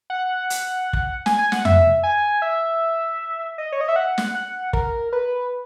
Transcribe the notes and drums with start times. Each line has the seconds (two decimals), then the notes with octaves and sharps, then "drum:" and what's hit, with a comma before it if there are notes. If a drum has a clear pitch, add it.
0.10 F#5
0.50 drum: hi-hat
0.93 drum: kick
1.26 G#5, drum: snare
1.39 G#5
1.52 F#5, drum: snare
1.65 E5, drum: tom F2
2.03 G#5
2.42 E5
3.58 D#5
3.72 C#5
3.81 D#5
3.88 E5
3.96 F#5
4.18 drum: snare
4.35 F#5
4.73 A#4, drum: kick
5.13 B4